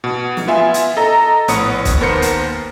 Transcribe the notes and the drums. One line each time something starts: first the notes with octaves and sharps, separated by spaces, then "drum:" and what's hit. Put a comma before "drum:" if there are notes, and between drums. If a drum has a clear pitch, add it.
B2
drum: snare
B3 F4 E5 G#5
drum: hi-hat
A4 D#5 A#5
A#1 A2 B3 C#5 D#6 C#7, drum: hi-hat
drum: kick, hi-hat
D#2 B3 A#4 C5 C#7
drum: hi-hat